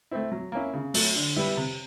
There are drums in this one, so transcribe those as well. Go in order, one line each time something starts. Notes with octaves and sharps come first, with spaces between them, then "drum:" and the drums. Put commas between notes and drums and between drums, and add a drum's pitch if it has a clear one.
A3 C4 E4
F#3
A#3 C#4 E4
C#3
F#3 A3, drum: open hi-hat
D3
G3 B3 E4
C3